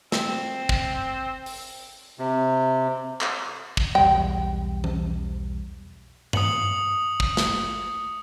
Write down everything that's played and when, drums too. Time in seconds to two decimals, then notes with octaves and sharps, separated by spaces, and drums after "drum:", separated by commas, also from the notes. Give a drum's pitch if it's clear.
0.12 C4, drum: snare
0.69 drum: kick
1.46 drum: open hi-hat
2.19 C3
3.21 drum: clap
3.77 drum: kick
3.95 B1 E2 G3 G5
4.84 drum: tom E3
6.33 D#6 C#7 F#7, drum: tom G2
7.20 drum: kick
7.37 drum: snare